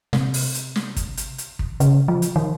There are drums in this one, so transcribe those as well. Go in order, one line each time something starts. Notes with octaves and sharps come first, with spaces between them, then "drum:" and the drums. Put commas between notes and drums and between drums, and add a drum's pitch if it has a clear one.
C3, drum: snare
drum: open hi-hat
drum: hi-hat
drum: snare
drum: kick, hi-hat
drum: hi-hat
drum: hi-hat
drum: kick
C#3, drum: hi-hat
F3
drum: hi-hat
D#3